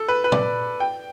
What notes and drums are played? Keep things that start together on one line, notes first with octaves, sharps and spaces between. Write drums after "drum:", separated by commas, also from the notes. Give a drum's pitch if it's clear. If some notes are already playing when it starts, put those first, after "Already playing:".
Already playing: A4
B4
B4
D5, drum: tom
G5